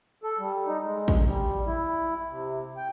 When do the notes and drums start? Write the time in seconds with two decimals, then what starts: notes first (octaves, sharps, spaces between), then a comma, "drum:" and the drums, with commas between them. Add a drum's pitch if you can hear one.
0.23 A4
0.39 G3
0.67 D#4
0.83 G#3
1.08 drum: kick A1
1.26 G3
1.66 E4
2.30 C3
2.77 G5